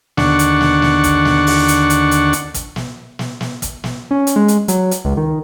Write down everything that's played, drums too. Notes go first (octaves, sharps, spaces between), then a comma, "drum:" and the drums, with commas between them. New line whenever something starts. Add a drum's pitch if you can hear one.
D#2 D3 D4 F#5 C#6, drum: snare
drum: hi-hat
drum: snare
drum: snare
drum: kick, hi-hat
drum: snare
drum: open hi-hat
drum: hi-hat
drum: hi-hat
drum: hi-hat
drum: hi-hat
drum: kick, hi-hat
drum: snare
drum: snare
drum: snare
drum: kick, hi-hat
drum: snare
C#4
drum: hi-hat
G#3
drum: hi-hat
F#3, drum: hi-hat
drum: hi-hat
C#2
D#3